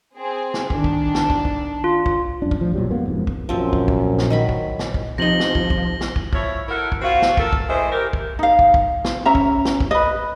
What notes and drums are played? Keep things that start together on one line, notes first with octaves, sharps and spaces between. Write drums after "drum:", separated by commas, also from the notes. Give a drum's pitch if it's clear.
C4 G#4
drum: snare
D#3 D4, drum: kick
drum: kick
drum: snare
drum: kick
drum: kick
F4
drum: kick
F#2 D4
drum: kick
A2 F3
A#2 C#3 F#3 G3
F2 G#2 A#3 B3
F#1 F2 G#2
drum: kick
A#1 F#2 F3 C4
drum: kick
drum: kick
drum: snare
D#3 F#3 B5
drum: kick
drum: snare
drum: kick
C3 F3 D#4 A#6 F#7 G7
drum: snare
drum: kick
drum: kick
drum: snare
drum: kick
F3 E4 C#5, drum: kick
E4 F#4 A4 A#4
drum: kick
C4 F4 F#4
drum: snare
A3 A4 A#4, drum: kick
drum: kick
E3 G#3 A3 E4 C5
G4 A#4
drum: kick
D#4 F5
drum: kick
drum: kick
drum: snare
C#4 E5 A#5
drum: kick
drum: snare
drum: kick
B4 D#5